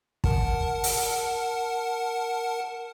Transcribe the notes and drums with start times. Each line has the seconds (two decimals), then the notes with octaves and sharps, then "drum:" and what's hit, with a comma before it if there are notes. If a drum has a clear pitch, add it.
0.24 A#4 F#5 A5, drum: kick
0.84 drum: open hi-hat